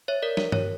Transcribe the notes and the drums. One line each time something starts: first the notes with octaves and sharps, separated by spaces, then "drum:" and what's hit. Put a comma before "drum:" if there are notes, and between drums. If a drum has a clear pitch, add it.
C#5 E5
A#4 D5
A#4, drum: snare
C#5, drum: tom G2